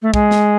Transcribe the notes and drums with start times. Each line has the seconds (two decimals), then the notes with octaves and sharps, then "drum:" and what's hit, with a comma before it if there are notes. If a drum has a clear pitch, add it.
0.02 A3
0.14 G#3, drum: kick
0.31 drum: snare